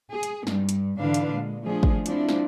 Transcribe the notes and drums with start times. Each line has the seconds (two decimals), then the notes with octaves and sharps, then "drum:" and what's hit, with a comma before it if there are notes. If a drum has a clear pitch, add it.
0.10 G#4
0.23 drum: hi-hat
0.47 G2, drum: snare
0.69 drum: hi-hat
0.99 G#2 D3 E3 D4 B4 F5
1.14 drum: hi-hat
1.31 A#2 G#3
1.64 F3 A3 D4 G#4
1.83 drum: kick
2.06 F3 C4 D4 E4, drum: hi-hat
2.29 drum: snare